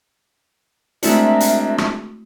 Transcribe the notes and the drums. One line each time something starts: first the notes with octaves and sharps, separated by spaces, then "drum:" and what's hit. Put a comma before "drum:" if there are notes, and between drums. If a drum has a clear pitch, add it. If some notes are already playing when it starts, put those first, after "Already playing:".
G#3 A3 C4 D4 E4 F#4 A#4 E5, drum: hi-hat
drum: hi-hat
drum: rim click